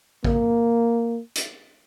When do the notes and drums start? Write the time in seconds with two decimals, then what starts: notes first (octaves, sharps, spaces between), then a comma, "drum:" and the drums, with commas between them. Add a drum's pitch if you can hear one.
0.24 A#3, drum: kick A1
1.35 drum: hi-hat